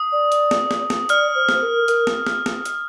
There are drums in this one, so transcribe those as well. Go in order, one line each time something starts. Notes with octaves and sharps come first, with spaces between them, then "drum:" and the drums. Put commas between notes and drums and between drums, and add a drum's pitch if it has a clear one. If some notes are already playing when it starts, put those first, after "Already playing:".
Already playing: D#6
D5
drum: hi-hat
drum: snare
drum: snare
drum: snare
D5 F6, drum: hi-hat
C5
drum: snare
A#4
A#4, drum: hi-hat
drum: snare
drum: snare
drum: snare
drum: hi-hat